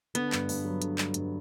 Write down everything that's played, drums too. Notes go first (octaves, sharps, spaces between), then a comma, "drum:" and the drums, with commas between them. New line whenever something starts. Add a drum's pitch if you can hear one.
D3 B3, drum: hi-hat
G2, drum: clap
G2, drum: open hi-hat
F#3
D3, drum: hi-hat
G2, drum: clap
G2, drum: hi-hat